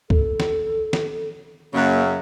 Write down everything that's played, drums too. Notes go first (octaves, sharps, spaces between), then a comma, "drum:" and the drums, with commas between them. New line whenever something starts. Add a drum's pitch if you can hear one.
A4, drum: kick
drum: snare
drum: snare
F#2 C#3 A#3